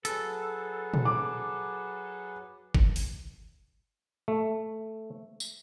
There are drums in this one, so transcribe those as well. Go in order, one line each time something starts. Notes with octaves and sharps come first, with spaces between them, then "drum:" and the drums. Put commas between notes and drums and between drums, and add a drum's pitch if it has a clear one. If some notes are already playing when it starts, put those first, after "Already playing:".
F#3 G#4 A4 B4, drum: hi-hat
drum: tom A#2
D6
drum: kick
drum: open hi-hat
A3
drum: tambourine